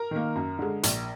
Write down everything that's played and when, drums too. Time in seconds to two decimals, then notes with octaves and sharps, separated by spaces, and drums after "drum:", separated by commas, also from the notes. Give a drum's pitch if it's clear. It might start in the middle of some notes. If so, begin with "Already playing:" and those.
Already playing: A#4 A#5
0.11 D#3 A#3
0.35 F#2
0.59 D3 G#3
0.83 A#1, drum: hi-hat